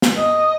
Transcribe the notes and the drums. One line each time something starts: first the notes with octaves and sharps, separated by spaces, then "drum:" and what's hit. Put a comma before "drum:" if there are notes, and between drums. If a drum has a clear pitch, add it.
drum: snare
D#5